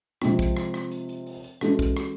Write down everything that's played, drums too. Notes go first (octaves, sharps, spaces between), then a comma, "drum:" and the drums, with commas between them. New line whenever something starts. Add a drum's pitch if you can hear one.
C3 F3 G#3 C4 F4, drum: rim click
drum: kick, hi-hat
drum: rim click
drum: rim click
drum: hi-hat
drum: hi-hat
drum: open hi-hat
drum: hi-hat
E3 G#3 C#4 F#4 A4, drum: rim click
drum: kick, hi-hat
drum: rim click